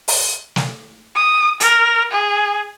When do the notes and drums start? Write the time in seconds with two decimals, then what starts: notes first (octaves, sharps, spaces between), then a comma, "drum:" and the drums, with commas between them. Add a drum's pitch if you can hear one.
0.08 drum: open hi-hat
0.56 drum: snare
1.15 D#6
1.60 A#4, drum: hi-hat
2.12 G#4